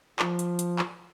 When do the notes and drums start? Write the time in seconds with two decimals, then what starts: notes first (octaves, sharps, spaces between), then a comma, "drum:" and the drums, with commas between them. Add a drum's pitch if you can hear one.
0.19 F3, drum: clap
0.39 drum: hi-hat
0.59 drum: hi-hat
0.79 drum: clap